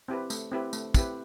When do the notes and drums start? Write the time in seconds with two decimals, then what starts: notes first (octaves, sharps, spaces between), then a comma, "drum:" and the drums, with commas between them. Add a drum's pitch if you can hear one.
0.08 C4 E4 G4 B4
0.30 A3, drum: tambourine
0.51 C4 E4 G4 B4
0.73 A3, drum: tambourine
0.94 C4 E4 G4 B4, drum: kick, tambourine